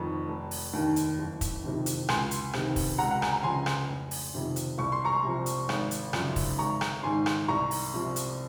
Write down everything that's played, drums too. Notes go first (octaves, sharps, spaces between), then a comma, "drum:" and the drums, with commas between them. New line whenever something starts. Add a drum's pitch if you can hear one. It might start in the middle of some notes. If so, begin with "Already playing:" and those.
Already playing: F1 F2 D#3 C#6
F1
drum: open hi-hat
D#2 D#3
drum: hi-hat
F#1
drum: kick, hi-hat
F2 C3 D#3
drum: hi-hat
C#2 G#5 C6, drum: rim click
drum: hi-hat
C3 D#3, drum: rim click
drum: kick, open hi-hat
C#2 F#5 A#5
F#5
G#5, drum: rim click
A#5
C#3 F3 G#5 C6
drum: rim click
F1
drum: open hi-hat
F2 C3 D#3
drum: hi-hat
C2 C#6
C6
A#5 C#6
C3 F3
drum: hi-hat
G#1, drum: rim click
drum: hi-hat
F#2 C#3 F3, drum: rim click
drum: kick, open hi-hat
G#1 A#5 C#6
drum: rim click
G#2 D#3 G#5 C6
drum: rim click
C2 A#5 C#6
drum: open hi-hat
C3 F3
drum: hi-hat